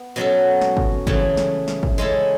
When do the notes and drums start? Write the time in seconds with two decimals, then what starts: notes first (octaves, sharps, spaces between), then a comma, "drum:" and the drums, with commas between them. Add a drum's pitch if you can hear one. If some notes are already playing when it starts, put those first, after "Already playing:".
Already playing: B3
0.16 B2 F#3 C#4 F#4 A4
0.61 drum: snare
0.77 drum: kick
1.07 C#3 E3 A3, drum: kick
1.37 drum: snare
1.68 drum: snare
1.83 drum: kick
1.98 G#3 C#4 E4 A4